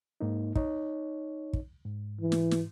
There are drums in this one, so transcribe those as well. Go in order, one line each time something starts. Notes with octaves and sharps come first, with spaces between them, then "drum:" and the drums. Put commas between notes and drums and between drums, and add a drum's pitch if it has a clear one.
G#2 A#3 D#4
D#4 C#5, drum: kick
drum: kick
G#2
E3
drum: snare
drum: snare